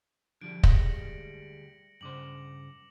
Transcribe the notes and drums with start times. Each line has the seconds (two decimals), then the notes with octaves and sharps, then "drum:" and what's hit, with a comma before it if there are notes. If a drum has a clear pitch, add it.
0.41 D3 F3 G3 D7
0.63 D2 G3 G#3 A#6 C#7 F#7, drum: kick
2.01 G2 C#3 C5 D6 F#7